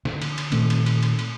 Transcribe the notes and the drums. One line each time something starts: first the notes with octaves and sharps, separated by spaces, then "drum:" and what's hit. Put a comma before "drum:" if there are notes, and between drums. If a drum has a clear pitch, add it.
D3, drum: snare
drum: cymbal
drum: cymbal
A#2 D#3 A3 C4, drum: cymbal
drum: cymbal
drum: cymbal
drum: cymbal
drum: cymbal